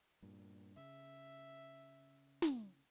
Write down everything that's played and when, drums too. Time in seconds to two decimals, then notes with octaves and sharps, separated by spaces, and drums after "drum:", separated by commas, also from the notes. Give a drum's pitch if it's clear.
0.22 G2 A#2
0.76 C#3 E5
2.42 drum: snare